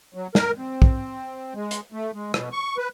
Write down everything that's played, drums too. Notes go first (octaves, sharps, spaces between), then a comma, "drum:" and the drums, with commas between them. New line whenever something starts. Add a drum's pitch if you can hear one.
F#3
A#4, drum: snare
C4
drum: kick
G#3
drum: hi-hat
A3
G#3
B2, drum: rim click
C#6
B4